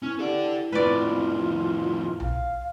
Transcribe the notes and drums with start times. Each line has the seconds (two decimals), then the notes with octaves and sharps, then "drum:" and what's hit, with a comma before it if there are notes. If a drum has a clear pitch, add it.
0.02 E3 C#4
0.19 G4 A4 D5
0.72 F2 A2 F4 B4 D5
2.20 F5, drum: tom B1